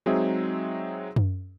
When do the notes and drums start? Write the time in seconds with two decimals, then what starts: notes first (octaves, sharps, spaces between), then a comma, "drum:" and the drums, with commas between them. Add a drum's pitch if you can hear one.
0.06 F#3 G#3 C4 D#4 G#4 E5
1.16 drum: tom F#2